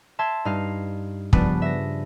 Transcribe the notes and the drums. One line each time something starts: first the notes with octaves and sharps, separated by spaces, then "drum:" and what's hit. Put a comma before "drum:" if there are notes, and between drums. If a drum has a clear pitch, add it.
E5 A5 C6 G#6
G2 D#4 F5
G2 C#3 F3 B3 D4, drum: kick
E5 A#6